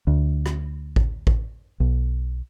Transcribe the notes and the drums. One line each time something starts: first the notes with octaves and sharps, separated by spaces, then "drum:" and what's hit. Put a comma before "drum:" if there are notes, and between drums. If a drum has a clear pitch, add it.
D2
drum: rim click
drum: kick A1
drum: kick A1
B1